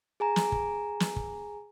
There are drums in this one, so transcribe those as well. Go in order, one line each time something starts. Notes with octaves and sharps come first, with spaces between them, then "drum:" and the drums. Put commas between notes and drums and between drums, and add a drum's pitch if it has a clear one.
G#4 G#5 A#5
drum: snare
drum: kick
drum: snare
drum: kick